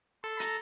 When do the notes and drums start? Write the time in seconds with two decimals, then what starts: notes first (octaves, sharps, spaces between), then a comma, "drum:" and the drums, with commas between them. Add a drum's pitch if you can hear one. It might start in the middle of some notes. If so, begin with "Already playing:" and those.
0.24 A4 C6
0.40 A#5, drum: hi-hat